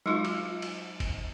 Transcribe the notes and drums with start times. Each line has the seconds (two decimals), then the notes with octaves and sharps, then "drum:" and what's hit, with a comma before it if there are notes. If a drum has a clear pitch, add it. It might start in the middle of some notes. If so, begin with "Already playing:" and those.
0.06 F#3 G#3 D#4 F4 F#4, drum: snare
0.25 drum: cymbal
0.62 drum: cymbal
1.00 drum: kick, cymbal